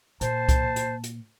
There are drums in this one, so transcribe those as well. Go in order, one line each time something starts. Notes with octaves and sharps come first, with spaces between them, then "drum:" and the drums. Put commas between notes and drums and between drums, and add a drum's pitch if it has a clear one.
A#2 A#3 C5 A5, drum: hi-hat
drum: kick C2, hi-hat
drum: hi-hat
drum: hi-hat